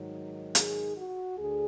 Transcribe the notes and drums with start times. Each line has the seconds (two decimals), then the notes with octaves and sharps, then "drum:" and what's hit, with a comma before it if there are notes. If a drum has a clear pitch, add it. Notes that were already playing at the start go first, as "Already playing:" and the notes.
Already playing: G#2 D#3 F#3
0.55 G#4, drum: hi-hat
0.96 F#4
1.37 D2 D3 G#4